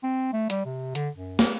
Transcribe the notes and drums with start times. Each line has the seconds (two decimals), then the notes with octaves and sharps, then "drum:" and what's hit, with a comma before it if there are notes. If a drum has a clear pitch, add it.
0.03 C4
0.33 A3
0.50 G3, drum: hi-hat
0.66 C3
0.95 D3, drum: hi-hat
1.16 F#2
1.39 drum: snare